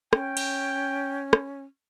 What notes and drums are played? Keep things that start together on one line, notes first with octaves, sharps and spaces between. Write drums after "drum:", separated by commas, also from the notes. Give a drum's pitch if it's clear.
C#4 G5, drum: rim click
drum: cymbal
drum: rim click